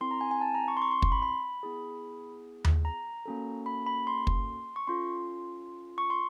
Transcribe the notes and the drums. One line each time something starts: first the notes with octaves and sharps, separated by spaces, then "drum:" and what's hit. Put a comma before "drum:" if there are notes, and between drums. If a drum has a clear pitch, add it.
C4 E4 A4 C6
A#5
G#5
G#5
A5
A#5
C#6
C6
C#6
C6
C6, drum: kick
B5
B5
B3 E4 G#4
drum: tom D#2
A#5
A#3 C#4 F#4 A4
B5
B5
C6
drum: kick
C#6
C#4 F4 A4 C6
C#6
C6